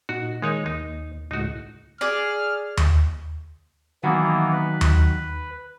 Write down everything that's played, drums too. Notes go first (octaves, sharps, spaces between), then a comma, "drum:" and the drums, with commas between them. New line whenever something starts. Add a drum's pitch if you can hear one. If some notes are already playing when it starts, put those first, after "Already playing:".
A#2 D#4 F#4
D#3 G#3 D#4 C#5
D#2 D#4
C#2 A2 D#4 F#4
G#4 D5 F6
drum: tom D#2
D#3 E3 F#3 A#3 B3 F#4
B4
drum: tom D#2